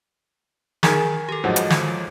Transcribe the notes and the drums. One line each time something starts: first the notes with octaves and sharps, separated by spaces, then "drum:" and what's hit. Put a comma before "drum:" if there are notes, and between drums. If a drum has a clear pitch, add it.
D#3 G#4 G#5 A6, drum: snare
G4 A4
G#2 F3 F#3 D#5 F#5
drum: hi-hat
drum: snare